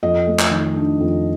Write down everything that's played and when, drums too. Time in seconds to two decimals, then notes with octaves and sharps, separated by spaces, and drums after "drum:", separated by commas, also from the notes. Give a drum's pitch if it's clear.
0.03 F2 D#5
0.27 A3
0.39 drum: clap
0.51 D#3
0.76 D4
1.00 F2